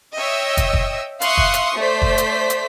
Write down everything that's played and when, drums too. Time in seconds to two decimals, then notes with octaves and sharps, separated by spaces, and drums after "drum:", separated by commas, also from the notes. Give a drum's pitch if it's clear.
0.17 C#5 D#5 E5 G5 E6
0.57 drum: kick, hi-hat
0.73 drum: kick
1.22 E5 F5 C6 C#6 D#6 F#6, drum: hi-hat
1.38 drum: kick
1.54 drum: hi-hat
1.79 A3 C5 D5 B6
2.02 drum: kick
2.18 drum: hi-hat
2.50 drum: hi-hat